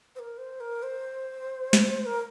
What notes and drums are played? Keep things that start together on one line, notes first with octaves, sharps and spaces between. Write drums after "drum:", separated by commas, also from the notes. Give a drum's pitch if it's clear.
C5
A#4
C5
A#4
C5
drum: snare
A#4